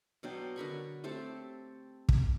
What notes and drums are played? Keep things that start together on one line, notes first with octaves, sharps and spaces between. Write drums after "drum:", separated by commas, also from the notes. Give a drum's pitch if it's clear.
B2 F#3 D4 G5
D3 A#4 B5 C#6
A3 C4 G4 A4
drum: kick